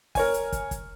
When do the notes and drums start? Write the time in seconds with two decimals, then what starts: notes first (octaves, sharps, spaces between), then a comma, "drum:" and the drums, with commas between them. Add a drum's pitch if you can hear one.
0.15 A#4 C#5 G#5, drum: kick, open hi-hat
0.34 drum: hi-hat
0.52 drum: kick, hi-hat
0.71 drum: kick, hi-hat